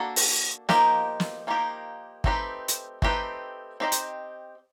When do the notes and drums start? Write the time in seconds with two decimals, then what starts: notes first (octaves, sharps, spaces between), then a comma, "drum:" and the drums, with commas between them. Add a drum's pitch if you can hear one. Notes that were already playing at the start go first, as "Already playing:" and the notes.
Already playing: A#3 D4 F#4 A4
0.16 drum: open hi-hat
0.69 F3 A#3 D#4 G4 A#4, drum: snare
1.20 drum: snare
1.47 F3 A#3 D#4 G4 A#4
2.24 A3 C4 D#4 G4 B4, drum: kick
2.68 drum: hi-hat
3.02 A3 C4 D#4 G4 B4, drum: kick
3.80 C4 D#4 G4 C5 D#5
3.92 drum: hi-hat